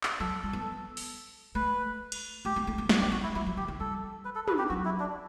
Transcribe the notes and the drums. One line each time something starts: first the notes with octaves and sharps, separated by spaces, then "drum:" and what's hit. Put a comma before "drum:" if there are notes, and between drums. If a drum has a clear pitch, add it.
drum: clap
F#3 A4
G3
B3
drum: open hi-hat
A3 B4
drum: cymbal
A3 G4
B3
A3
B3
A3 F#4, drum: snare
F#3 G4
G3 F#4
A3 E4
G3 E4
F#3
E3 G4
E3
G3 A4
B4
A4
B4, drum: tom
G4
F#3 F#4
E4
D4